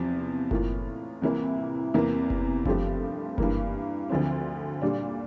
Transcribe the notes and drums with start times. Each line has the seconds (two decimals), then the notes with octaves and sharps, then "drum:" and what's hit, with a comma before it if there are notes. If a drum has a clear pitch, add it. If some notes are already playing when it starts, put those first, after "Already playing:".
Already playing: E2 C3 F3
0.51 A2 E3 A#3 F4, drum: kick F#1
1.22 C2 C3 E3 A#3 E4
1.94 E2 C3 E3 A#3
2.30 drum: kick F#1
2.65 G2 F3 A3 C4 G4, drum: kick F#1
3.38 G2 E3 A#3, drum: kick F#1
4.09 D2 D3 F3 C4
4.81 A#2 G3 D4